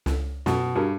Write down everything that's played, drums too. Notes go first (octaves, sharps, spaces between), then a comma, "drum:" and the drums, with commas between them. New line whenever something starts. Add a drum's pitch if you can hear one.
C#2, drum: snare
F#2 B2, drum: snare
G2 F#4 G#4 A#4